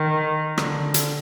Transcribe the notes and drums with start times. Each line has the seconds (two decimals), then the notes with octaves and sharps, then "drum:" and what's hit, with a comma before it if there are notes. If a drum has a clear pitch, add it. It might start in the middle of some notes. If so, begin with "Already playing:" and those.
Already playing: D#3
0.58 D3, drum: rim click
0.94 drum: hi-hat